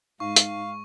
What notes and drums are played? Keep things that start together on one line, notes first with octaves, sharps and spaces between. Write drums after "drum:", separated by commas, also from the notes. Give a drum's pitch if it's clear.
G#2 D#4 F5 C#6
drum: hi-hat